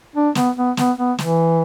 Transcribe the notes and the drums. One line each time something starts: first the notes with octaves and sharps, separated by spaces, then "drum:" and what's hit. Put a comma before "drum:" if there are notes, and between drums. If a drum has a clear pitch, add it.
D4
B3, drum: snare
B3
B3, drum: snare
B3
E3, drum: snare